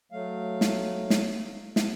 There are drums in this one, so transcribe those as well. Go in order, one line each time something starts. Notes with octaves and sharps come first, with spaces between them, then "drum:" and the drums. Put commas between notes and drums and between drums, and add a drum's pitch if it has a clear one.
F#3 A3 F5
drum: snare
drum: snare
drum: snare